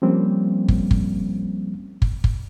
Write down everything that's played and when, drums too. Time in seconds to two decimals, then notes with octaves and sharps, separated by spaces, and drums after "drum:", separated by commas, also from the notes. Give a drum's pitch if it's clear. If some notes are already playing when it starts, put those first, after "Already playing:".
0.02 F3 G3 A#3 C4 C#4
0.68 drum: kick
0.91 drum: kick
2.02 drum: kick
2.24 drum: kick